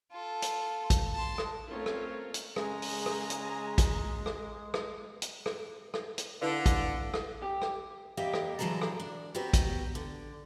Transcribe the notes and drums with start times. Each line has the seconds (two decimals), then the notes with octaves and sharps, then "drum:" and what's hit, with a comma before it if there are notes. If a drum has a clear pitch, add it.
0.11 F4 A4
0.42 drum: hi-hat
0.90 drum: kick, hi-hat
1.14 A5 C6
1.38 drum: rim click
1.70 A3 C4 C#4 F4 A#4 C#5
1.86 drum: rim click
2.34 drum: hi-hat
2.56 C#3 G#3 G#5 A#5, drum: rim click
2.82 drum: open hi-hat
3.06 drum: rim click
3.30 drum: hi-hat
3.78 drum: kick, hi-hat
4.26 drum: rim click
4.74 drum: rim click
5.22 drum: hi-hat
5.46 drum: rim click
5.94 drum: rim click
6.18 drum: hi-hat
6.41 D3 E4 B4 F5
6.66 drum: kick, hi-hat
7.14 drum: rim click
7.42 G4
7.62 drum: rim click
8.17 E2 A#3 G4 D#5 E5 G5
8.34 drum: rim click
8.59 D3 E3 F#3 G#3 A5 A#5
8.82 drum: rim click
9.00 D4
9.35 B3 C4 F#4 G4 A#4
9.53 drum: kick, hi-hat
9.95 D3